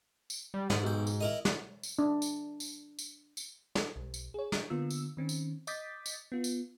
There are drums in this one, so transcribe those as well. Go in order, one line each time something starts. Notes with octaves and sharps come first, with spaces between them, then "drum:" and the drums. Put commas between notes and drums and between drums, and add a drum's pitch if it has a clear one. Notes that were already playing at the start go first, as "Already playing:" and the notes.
drum: tambourine
G3
G#2 F#5, drum: snare
B1 G5
drum: tambourine
E4 A#4 D#5
drum: snare
drum: tambourine
D4
drum: tambourine
drum: tambourine
drum: tambourine
drum: tambourine
drum: snare
B1
drum: tambourine
G#4 C#5
drum: snare
D3 A#3 B3 F4 E6
drum: tambourine
D#3 C4 C#4
drum: tambourine
D#5 D6 D#6 G6 A6 B6, drum: tambourine
drum: tambourine
B3 F4
drum: tambourine